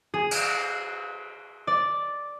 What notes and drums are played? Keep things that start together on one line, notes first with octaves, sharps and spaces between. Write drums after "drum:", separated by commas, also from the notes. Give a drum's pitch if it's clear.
G#4
drum: cymbal
D5